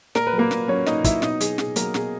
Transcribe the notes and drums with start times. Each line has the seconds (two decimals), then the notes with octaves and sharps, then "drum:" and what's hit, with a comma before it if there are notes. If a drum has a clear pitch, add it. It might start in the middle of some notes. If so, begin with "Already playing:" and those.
0.15 A#2 A#4, drum: snare
0.27 B4
0.33 F#3
0.38 A#3 A#4
0.51 A#2, drum: snare
0.68 F#3 C#4 C#5
0.86 A#2 D#4 D#5, drum: snare
1.04 F#3 E4 E5, drum: kick, hi-hat
1.22 B2 D#4 D#5, drum: snare
1.40 F#3 G#4, drum: hi-hat
1.58 B2 G#4, drum: snare
1.76 F#3 A#3 A#4, drum: hi-hat
1.94 B2 G#4, drum: snare